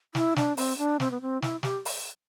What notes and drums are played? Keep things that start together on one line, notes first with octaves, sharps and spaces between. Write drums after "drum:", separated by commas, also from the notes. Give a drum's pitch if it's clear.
E4, drum: snare
D4, drum: snare
C4, drum: open hi-hat
D4
C4, drum: snare
B3
C4
E4, drum: snare
G4, drum: snare
drum: open hi-hat